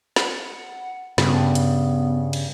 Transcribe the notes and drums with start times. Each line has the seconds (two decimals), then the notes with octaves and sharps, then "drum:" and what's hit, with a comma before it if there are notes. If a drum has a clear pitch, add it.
0.16 F#5, drum: snare
1.18 G2 C#3 B3, drum: snare
1.55 drum: hi-hat
2.33 drum: cymbal